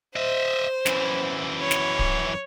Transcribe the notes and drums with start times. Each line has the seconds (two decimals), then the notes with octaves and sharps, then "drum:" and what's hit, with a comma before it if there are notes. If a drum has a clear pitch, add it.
0.16 C5 D#5 E5
0.86 F#2 E3, drum: snare
1.61 C#5
1.71 drum: snare
1.99 drum: kick D1